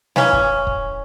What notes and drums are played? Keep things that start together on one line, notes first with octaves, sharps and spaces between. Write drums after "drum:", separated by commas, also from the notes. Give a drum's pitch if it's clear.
C#3 E3 C#4, drum: snare
drum: kick
drum: kick